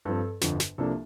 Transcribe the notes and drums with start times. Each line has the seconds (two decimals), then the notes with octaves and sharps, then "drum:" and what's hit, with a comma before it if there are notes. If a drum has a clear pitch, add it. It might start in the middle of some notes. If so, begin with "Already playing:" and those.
0.05 G2 F3 C4 A4
0.41 G1 F2 D3 F3, drum: snare
0.60 drum: snare
0.78 C2 C3 F3 A#3 D4 A4